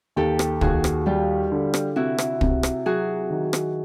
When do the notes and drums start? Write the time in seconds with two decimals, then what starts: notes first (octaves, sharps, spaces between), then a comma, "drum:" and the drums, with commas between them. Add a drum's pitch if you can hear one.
0.16 D#2 G4 A4
0.39 drum: rim click
0.61 D#2 F#4 G#4, drum: kick
0.84 drum: rim click
1.06 G3 F4 G4
1.52 D3
1.74 drum: rim click
1.96 C3 E4 F#4
2.18 drum: rim click
2.41 C3, drum: kick
2.63 drum: rim click
2.86 F#3 F#4 G#4
3.30 D#3
3.53 drum: rim click